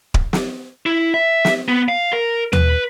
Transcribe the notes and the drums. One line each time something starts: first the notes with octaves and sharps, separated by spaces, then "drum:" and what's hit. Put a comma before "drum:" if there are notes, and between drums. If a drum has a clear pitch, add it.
drum: kick D1
drum: snare
E4
E5
drum: snare
B3
F5
A#4
B4, drum: tom D#2